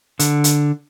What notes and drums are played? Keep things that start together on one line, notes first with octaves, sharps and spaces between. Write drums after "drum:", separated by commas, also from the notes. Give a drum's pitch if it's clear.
D3, drum: hi-hat
drum: hi-hat